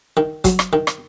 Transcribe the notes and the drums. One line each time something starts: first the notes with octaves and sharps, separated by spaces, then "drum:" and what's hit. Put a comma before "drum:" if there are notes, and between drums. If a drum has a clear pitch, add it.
D#3
F#3, drum: kick, hi-hat
drum: rim click
D#3
drum: rim click